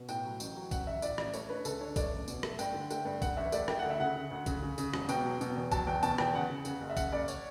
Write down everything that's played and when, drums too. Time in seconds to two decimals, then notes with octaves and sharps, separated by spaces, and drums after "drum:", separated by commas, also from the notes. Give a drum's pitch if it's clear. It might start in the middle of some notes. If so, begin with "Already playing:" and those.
Already playing: B2
0.08 A2 G5, drum: tambourine
0.24 F#3
0.40 A1, drum: tambourine
0.56 F#3
0.71 A1 F#5, drum: kick A#1, tambourine
0.87 A1 E5
1.02 A2 D5, drum: tambourine
1.18 A1 D5, drum: rim click
1.33 A3 C#5, drum: tambourine
1.49 D4 B4
1.65 C#2 A4, drum: tambourine
1.81 D4 C#5
1.96 A3 D5, drum: kick A#1, tambourine
2.12 C#2
2.28 B2, drum: tambourine
2.43 A3, drum: rim click
2.59 G2 G5, drum: tambourine
2.74 D3
2.90 A3 G5, drum: tambourine
3.05 G2
3.22 G2 F#5, drum: kick A#1, tambourine
3.37 A1 E5
3.52 A3 D5, drum: tambourine
3.68 A3 G5, drum: rim click
3.79 D2 F#5
3.90 E5
4.00 C#3 F#5
4.16 C#3
4.31 D2
4.46 C#3, drum: kick A#1, tambourine
4.62 C#3
4.78 C#3, drum: tambourine
4.94 E1, drum: rim click
5.09 B2 G5, drum: tambourine
5.24 F#3
5.41 B2, drum: tambourine
5.56 E2
5.71 F#3 A5, drum: kick A#1, tambourine
5.87 E2 G5
6.03 B2 A5, drum: tambourine
6.18 E2 G5, drum: rim click
6.34 C#3 F#5
6.50 C#3
6.65 C#3, drum: tambourine
6.81 F#1
6.90 E5
6.97 C#3 F#5, drum: kick A#1, tambourine
7.12 F#1 D5
7.28 C#5, drum: tambourine